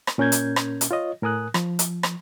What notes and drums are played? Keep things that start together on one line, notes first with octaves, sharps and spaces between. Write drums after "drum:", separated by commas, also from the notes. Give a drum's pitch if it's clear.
drum: rim click
A#2 C#4 A#4 G6 G#6
drum: hi-hat
drum: rim click
drum: hi-hat
F4 C#5 D#5
A2 A#4 G#5 D#6 F#6
F3, drum: rim click
drum: hi-hat
drum: rim click